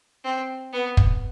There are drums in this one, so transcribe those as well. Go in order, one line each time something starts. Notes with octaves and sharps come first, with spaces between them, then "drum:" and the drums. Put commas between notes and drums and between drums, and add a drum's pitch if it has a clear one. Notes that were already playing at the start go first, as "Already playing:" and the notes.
C4
B3
drum: kick